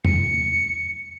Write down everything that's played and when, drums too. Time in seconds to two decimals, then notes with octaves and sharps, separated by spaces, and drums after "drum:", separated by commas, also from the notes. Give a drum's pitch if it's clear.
0.05 C#7, drum: tom E2